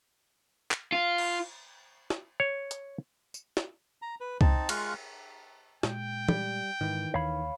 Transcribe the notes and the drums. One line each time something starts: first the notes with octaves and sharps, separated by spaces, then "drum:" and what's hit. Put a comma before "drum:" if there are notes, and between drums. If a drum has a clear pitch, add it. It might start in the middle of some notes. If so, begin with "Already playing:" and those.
drum: clap
F4
drum: cymbal
drum: snare
C#5
drum: hi-hat
drum: tambourine
drum: snare
A#5
B4
C4 D#4 A5, drum: kick C2
G#3 F4 F5 C#6 F#6, drum: cymbal
A#2 G#3 G5, drum: snare
G3, drum: tom
G#2 D#3 E3
D#2 C#5 F5 B5